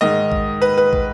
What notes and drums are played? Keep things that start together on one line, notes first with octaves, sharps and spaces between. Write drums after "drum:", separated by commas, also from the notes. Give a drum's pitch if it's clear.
G#2 D#3 D#5
drum: kick
B4
B4
drum: kick